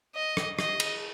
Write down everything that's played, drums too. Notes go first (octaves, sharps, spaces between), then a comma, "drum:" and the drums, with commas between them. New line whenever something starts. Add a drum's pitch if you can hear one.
D#5
drum: rim click
D#5, drum: rim click
drum: cymbal